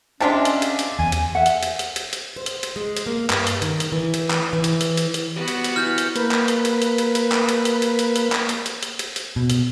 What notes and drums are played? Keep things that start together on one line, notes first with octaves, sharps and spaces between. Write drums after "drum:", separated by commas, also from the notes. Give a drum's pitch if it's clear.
C3 G#3 C#4 D4 F4 E5 A5
drum: hi-hat
drum: hi-hat
drum: hi-hat
E2 G#5
drum: hi-hat
E5 F#5
drum: hi-hat
drum: hi-hat
drum: hi-hat
drum: hi-hat
drum: hi-hat
C5
drum: hi-hat
drum: hi-hat
G#3
drum: hi-hat
A#3
G2, drum: clap
drum: hi-hat
D#3, drum: hi-hat
drum: hi-hat
E3
drum: hi-hat
drum: clap
E3
drum: hi-hat
drum: hi-hat
drum: hi-hat
drum: hi-hat
G3 B3 F#4
drum: hi-hat
drum: hi-hat
E3 F6 G6
drum: hi-hat
A#3 B4, drum: hi-hat
drum: clap
drum: hi-hat
drum: hi-hat
drum: hi-hat
drum: hi-hat
drum: hi-hat
drum: clap
drum: hi-hat
drum: hi-hat
drum: hi-hat
drum: hi-hat
drum: hi-hat
drum: clap
drum: hi-hat
drum: hi-hat
drum: hi-hat
drum: hi-hat
drum: hi-hat
B2
drum: hi-hat